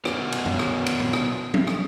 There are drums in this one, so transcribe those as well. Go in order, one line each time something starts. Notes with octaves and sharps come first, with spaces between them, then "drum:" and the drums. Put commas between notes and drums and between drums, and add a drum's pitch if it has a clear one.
B3 F#4 A#4 C#5 G#5, drum: rim click
drum: cymbal
drum: tom
drum: rim click
drum: cymbal
drum: tom A#2
drum: rim click
drum: tom F3
drum: rim click